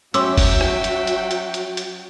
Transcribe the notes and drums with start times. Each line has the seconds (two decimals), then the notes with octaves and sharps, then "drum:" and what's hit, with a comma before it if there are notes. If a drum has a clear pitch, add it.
0.14 F#3 C#4 F#4 E5 G5 C6 D6 E6, drum: hi-hat
0.38 drum: kick, open hi-hat
0.61 drum: rim click
0.84 drum: hi-hat
1.07 drum: hi-hat
1.31 drum: hi-hat
1.54 drum: hi-hat
1.77 drum: hi-hat